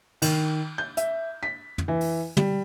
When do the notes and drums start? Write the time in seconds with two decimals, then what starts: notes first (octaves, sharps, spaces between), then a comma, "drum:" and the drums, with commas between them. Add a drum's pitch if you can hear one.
0.22 D#3, drum: cymbal
0.78 G6
0.97 E5, drum: hi-hat
1.43 B6
1.78 drum: tom
1.88 E3
2.01 drum: open hi-hat
2.37 G3, drum: tom